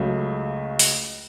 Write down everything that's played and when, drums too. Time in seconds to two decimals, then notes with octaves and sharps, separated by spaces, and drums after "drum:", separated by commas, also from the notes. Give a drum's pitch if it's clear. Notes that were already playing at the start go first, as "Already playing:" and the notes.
Already playing: C#2 C#3 F#3 A3
0.79 drum: open hi-hat